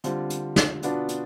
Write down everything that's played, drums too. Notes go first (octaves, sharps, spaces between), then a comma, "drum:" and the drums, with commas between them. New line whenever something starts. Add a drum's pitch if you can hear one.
D3 G3 C4 F4, drum: hi-hat
drum: hi-hat
drum: snare
B2 B3 D4 F4, drum: hi-hat
drum: hi-hat